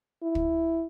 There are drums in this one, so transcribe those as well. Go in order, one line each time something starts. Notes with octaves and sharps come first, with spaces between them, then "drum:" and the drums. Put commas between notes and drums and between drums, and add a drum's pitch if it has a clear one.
E4
drum: kick